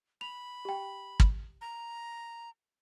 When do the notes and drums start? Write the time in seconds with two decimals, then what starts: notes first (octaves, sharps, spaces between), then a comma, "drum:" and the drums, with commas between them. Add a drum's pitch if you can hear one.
0.21 B5 F7
0.65 G4 G5
1.20 drum: kick
1.61 A#5